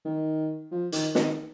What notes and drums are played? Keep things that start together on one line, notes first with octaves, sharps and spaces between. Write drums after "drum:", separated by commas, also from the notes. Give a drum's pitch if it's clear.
D#3
F3
D#3, drum: hi-hat
D#3, drum: snare